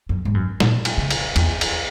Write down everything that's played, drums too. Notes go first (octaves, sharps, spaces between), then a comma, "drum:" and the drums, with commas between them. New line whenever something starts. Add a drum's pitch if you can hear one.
F#2
G#2
F#2
A#2, drum: snare
drum: cymbal
C#3
drum: cymbal
E2, drum: cymbal
drum: cymbal